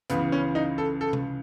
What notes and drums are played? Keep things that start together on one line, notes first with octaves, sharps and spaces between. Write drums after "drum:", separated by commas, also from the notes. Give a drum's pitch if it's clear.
C#2 C#3 E3 B3, drum: hi-hat
C#4
D#4
A4
A4
drum: tom C3